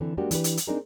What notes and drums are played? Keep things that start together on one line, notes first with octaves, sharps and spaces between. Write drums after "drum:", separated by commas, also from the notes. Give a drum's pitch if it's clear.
D3 E3 C4 A4
G3 G#3 A#3 D4 F#4 G4
E3 D4 G4 B4, drum: hi-hat
drum: hi-hat
drum: hi-hat
C4 D4 D#4 G#4 A#4